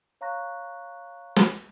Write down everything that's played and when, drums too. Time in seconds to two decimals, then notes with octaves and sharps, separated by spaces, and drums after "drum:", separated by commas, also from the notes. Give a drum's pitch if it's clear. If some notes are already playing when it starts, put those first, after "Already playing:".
0.21 C#5 F5 A#5 C#6 F#6 A#6
1.36 drum: snare